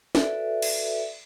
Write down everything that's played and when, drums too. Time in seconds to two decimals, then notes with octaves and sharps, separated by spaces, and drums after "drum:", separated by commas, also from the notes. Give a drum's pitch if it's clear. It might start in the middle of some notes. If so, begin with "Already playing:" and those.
0.15 F#4 A4 B4 D5 E5, drum: snare
0.62 drum: cymbal